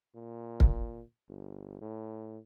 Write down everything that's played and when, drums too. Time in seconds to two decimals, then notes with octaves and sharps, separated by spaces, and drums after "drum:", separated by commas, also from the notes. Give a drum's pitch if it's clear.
0.16 A#2
0.60 drum: kick
1.28 G1
1.81 A2